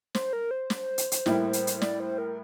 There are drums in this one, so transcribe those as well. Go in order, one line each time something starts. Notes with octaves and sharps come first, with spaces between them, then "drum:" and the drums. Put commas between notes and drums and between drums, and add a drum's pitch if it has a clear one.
C5, drum: snare
A#4
C5
drum: snare
drum: hi-hat
drum: hi-hat
A2 G3 A#3 E4, drum: snare
drum: hi-hat
drum: hi-hat
D5, drum: snare
C5
A#4